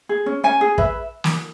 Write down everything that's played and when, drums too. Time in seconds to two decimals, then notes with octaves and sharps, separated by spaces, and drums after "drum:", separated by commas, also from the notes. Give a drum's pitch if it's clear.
0.09 G#4
0.26 C#4
0.44 C#4 G#5
0.61 G#4
0.78 B4 E5, drum: kick
1.24 drum: snare